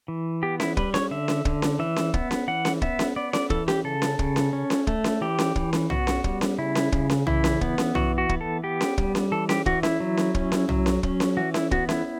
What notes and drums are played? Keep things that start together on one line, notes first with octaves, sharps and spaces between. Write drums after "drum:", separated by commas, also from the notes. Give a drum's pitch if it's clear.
E3
B3 G4
E4, drum: snare C#4
G3 B4, drum: kick
C#5, drum: snare C#4
D3 E5
drum: snare C#4
D3, drum: kick
drum: snare C#4
E3 E5
drum: snare C#4
B3, drum: kick
drum: snare C#4
E3 F#5
drum: snare C#4
B3 E5, drum: kick
drum: snare C#4
B3 D5
D5, drum: snare C#4
E3 A4, drum: kick
G4, drum: snare C#4
C#3 A4
drum: snare C#4
C#3, drum: kick
drum: snare C#4
C#4
drum: snare C#4
A3, drum: kick
drum: snare C#4
E3 G4
drum: snare C#4
E3, drum: kick
drum: snare C#4
B3 F#4, drum: tom
drum: snare C#4
G3, drum: kick
drum: snare C#4
C#3 E4
drum: snare C#4
C#3, drum: kick
drum: snare C#4
E3 E4, drum: tom
drum: snare C#4
B3, drum: kick
drum: snare C#4
E3 F#4, drum: tom
F#4
B3, drum: kick
A4
B3 G4
drum: snare C#4
G3, drum: kick
drum: snare C#4
E3 A4
G4, drum: snare C#4
E3 F#4, drum: kick
E4, drum: snare C#4
F#3
drum: snare C#4
C#4, drum: kick
drum: snare C#4
F#3, drum: tom
drum: snare C#4
C#4, drum: kick
drum: snare C#4
E3 F#4
E4, drum: snare C#4
B3 F#4, drum: kick
E4, drum: snare C#4